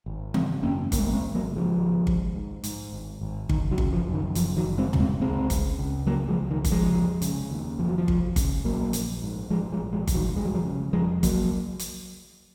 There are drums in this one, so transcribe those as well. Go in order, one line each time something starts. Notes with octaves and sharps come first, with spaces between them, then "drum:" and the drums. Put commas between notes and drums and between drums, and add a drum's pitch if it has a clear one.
G#1
C#3 G#3 C4, drum: tom D#3
F#2 A#3 C#4
G#1 A#3 C#4, drum: kick G1, hi-hat
G#3
A#3
G#3 C4
G#1
F#3 A#3
C#3
F3 G#3
G#1
G#1, drum: kick G1
G#2
G#2, drum: hi-hat
G#1
G#1
F#1 D#3, drum: kick G1
D#3 F#3
C#3, drum: kick G1
F3
F#2
D#3
F#1 F3, drum: hi-hat
D#3 F#3
F#1
G#3 C4
C#3, drum: tom
G#3 C4
C#2 G#3 C4
C#2, drum: kick G1, hi-hat
C#3
C#3 F#3 A#3
F3 G#3
C#2
D#3
C#2, drum: kick G1, hi-hat
F3 G#3
F1
C#3, drum: hi-hat
D#2
F1 F3
F#3
F3
F1, drum: kick G1
C#3, drum: kick G1, hi-hat
A#1 F#3 A#3
A#1, drum: hi-hat
G#2
G#2 F3 G#3
F3 G#3
A#1
F3 G#3
A#1, drum: kick G1, hi-hat
D#3 F#3
F1 G#3
F#3
F3 G#3
C#3
F2 F3 G#3
F#3 A#3, drum: kick G1, hi-hat
drum: hi-hat